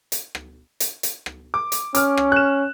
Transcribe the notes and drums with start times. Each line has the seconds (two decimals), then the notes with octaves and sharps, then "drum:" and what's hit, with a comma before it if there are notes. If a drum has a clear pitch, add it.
0.12 drum: hi-hat
0.35 drum: rim click
0.80 drum: hi-hat
1.03 drum: hi-hat
1.26 drum: rim click
1.54 D6
1.72 drum: hi-hat
1.95 C#4 D6 F6, drum: hi-hat
2.17 drum: rim click
2.32 F#6 E7